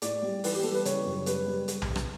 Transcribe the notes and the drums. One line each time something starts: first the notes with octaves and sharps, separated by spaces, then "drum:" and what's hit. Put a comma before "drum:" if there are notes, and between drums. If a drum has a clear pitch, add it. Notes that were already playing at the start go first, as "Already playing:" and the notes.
A2 D5, drum: hi-hat
G3
E3 B4, drum: open hi-hat
G4
G3 A4
B4
C#3 C#5, drum: hi-hat
F#2
G3 B4, drum: hi-hat
G3
drum: hi-hat
drum: tom B1
drum: rim click